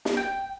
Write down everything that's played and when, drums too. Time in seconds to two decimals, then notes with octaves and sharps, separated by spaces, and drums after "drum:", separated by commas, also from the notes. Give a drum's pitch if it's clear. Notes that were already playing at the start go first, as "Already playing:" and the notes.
0.05 drum: snare
0.17 G5